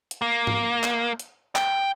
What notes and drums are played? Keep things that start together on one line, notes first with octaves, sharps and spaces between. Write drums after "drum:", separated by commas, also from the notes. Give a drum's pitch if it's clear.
drum: hi-hat
A#3
drum: tom G#2
drum: clap
drum: hi-hat
G5, drum: clap